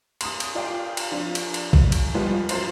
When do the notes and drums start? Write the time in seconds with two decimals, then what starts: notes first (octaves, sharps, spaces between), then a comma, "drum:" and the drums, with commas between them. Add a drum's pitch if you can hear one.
0.21 C6 D#6, drum: cymbal
0.40 drum: cymbal
0.55 F4 D5 F5 G5
0.97 drum: cymbal
1.11 F3 D4 F4
1.35 drum: cymbal
1.54 drum: cymbal
1.73 drum: kick
1.92 drum: cymbal
2.15 F3 G3 G#3 B3 F4
2.49 F#2 F4 C5 A6 C7, drum: cymbal